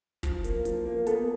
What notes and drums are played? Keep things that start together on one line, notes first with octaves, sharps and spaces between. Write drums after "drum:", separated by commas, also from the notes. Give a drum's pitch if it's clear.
F3, drum: kick, hi-hat
A#3, drum: hi-hat
F3, drum: hi-hat
A#3
B3 A4, drum: hi-hat